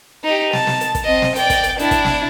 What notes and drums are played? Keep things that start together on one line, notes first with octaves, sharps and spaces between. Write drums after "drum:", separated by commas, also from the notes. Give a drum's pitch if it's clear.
D#4 G4
A5, drum: snare
drum: snare
drum: hi-hat
drum: kick, hi-hat
C4 D#5
drum: snare
D5 G5, drum: hi-hat
drum: kick, hi-hat
drum: hi-hat
D4 E4, drum: hi-hat
drum: kick, hi-hat
drum: snare